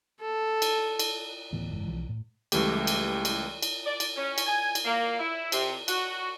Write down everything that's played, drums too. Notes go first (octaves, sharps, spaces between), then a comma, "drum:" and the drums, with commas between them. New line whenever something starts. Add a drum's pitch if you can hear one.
A4
drum: cymbal
drum: cymbal
D1 A2 E3 B3
F#1 G#2 E3
B1 E3 F3
A2
C#2 E3 G3 A3 G4, drum: cymbal
drum: cymbal
drum: cymbal
drum: cymbal
D5
drum: cymbal
C#4
drum: cymbal
G#5
drum: cymbal
A#3
E4
C3, drum: cymbal
F#4, drum: cymbal